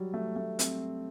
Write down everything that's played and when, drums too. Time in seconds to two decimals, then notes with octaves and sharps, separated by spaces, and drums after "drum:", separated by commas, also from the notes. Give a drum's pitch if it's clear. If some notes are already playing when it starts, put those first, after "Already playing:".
Already playing: F#3 G3
0.14 A3
0.36 A3
0.59 C4, drum: hi-hat